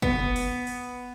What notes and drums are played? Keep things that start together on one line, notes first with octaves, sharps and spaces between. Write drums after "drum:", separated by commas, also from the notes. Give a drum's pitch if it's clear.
B3, drum: kick
drum: open hi-hat
drum: open hi-hat